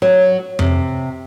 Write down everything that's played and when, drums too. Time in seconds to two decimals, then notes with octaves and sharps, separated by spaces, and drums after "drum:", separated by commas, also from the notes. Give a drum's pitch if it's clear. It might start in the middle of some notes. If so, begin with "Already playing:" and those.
0.02 F#3
0.59 C3, drum: tom F2